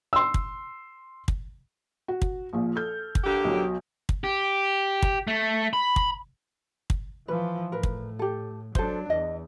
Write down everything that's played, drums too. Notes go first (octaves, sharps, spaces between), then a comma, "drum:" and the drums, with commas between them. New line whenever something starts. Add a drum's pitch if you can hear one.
C6 E6
drum: kick
drum: kick
F#4
drum: kick
A#1 A#2 F3
A4 F6 G6
drum: kick
D3 A#3 G4
B1 B2 F#3
drum: kick
G4
drum: kick
A3
B5
drum: kick
drum: kick
E3 F3 B4
A2 A#4 B4
drum: kick
G4 A4
F#3 D4 A4 C5, drum: kick
E2 D#5